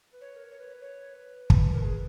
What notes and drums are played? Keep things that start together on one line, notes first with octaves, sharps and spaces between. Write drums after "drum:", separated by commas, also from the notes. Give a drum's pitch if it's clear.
B4
C#5
A#4
C#5
B4
C#5
drum: kick
A#4
G#4